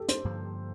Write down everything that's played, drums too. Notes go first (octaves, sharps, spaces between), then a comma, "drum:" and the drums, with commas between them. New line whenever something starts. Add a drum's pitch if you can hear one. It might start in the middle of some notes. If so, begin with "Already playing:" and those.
Already playing: G4 A4
C5, drum: hi-hat
G2 D3 F3 A#3